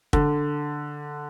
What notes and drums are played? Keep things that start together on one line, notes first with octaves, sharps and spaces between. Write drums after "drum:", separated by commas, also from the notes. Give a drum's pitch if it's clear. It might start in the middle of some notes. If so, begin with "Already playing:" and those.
D3, drum: kick